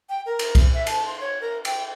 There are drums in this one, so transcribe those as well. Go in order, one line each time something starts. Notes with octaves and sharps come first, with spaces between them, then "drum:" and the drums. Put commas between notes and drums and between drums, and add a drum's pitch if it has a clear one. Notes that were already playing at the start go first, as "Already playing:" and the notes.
G5
A#4
drum: cymbal
drum: kick, cymbal
E5
A5, drum: cymbal
C6
C#5
A#4
G5, drum: cymbal